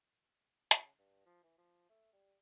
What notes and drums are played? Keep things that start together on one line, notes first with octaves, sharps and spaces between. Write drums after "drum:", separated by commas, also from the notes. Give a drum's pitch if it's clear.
C#3, drum: hi-hat
G2
F3
E3
F3
A3
G3